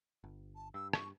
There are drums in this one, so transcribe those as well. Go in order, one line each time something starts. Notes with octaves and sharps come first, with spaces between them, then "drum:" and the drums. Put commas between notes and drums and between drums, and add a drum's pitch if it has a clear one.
G1
A5
G2 E6
C#6, drum: rim click